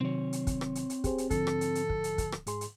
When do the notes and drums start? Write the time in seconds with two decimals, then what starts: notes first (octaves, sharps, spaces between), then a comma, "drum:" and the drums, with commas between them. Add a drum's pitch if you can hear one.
0.01 C3 D#3 F#3 C4 C#5
0.33 drum: hi-hat
0.47 drum: kick, hi-hat
0.61 drum: rim click
0.75 drum: hi-hat
0.90 drum: hi-hat
1.04 G4 G#4 C5, drum: kick, hi-hat
1.18 drum: hi-hat
1.31 G#2 D3 F3 A4, drum: kick, hi-hat
1.47 drum: rim click
1.61 drum: hi-hat
1.75 drum: hi-hat
1.90 drum: kick
2.04 drum: hi-hat
2.18 drum: kick, hi-hat
2.32 drum: rim click
2.47 G#2 G#4 C6, drum: hi-hat
2.61 drum: hi-hat